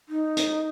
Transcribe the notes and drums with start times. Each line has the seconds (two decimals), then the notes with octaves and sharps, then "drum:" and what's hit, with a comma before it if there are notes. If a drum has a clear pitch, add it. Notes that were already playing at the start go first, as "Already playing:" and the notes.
0.09 D#4
0.37 drum: hi-hat